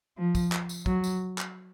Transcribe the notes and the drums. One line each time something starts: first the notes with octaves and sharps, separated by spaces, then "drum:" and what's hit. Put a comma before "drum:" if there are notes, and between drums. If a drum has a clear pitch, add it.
F3
drum: kick, tambourine
drum: clap
drum: tambourine
F#3, drum: kick
drum: tambourine
drum: clap